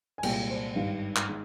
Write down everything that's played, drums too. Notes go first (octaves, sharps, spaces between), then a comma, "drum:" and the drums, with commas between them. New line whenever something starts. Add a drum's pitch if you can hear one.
G#5
C2 A#2 G#3 G5, drum: cymbal
C5
G#1 G2 D#3 G3 F5
drum: clap
D#3 G#3